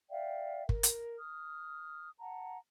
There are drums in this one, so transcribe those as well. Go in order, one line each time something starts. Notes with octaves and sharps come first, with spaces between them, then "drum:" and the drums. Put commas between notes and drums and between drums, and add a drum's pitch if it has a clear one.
D5 E5 F5 G5
A#4, drum: kick
drum: hi-hat
D#6 F6
F#5 A5 A#5